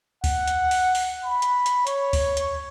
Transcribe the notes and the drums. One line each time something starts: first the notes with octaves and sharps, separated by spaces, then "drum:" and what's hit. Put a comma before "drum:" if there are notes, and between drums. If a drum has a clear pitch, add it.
F#5, drum: kick D2, open hi-hat
drum: hi-hat
drum: open hi-hat
drum: open hi-hat
B5
drum: hi-hat
drum: hi-hat
C#5, drum: hi-hat
drum: kick D2, open hi-hat
drum: hi-hat